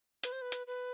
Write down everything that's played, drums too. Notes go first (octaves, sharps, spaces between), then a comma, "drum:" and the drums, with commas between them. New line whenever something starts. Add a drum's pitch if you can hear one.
B4, drum: hi-hat
C5
B4
drum: hi-hat
B4